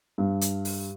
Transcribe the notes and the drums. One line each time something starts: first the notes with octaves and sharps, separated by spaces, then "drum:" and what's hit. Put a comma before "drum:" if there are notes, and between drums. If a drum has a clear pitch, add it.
G2
drum: hi-hat
drum: open hi-hat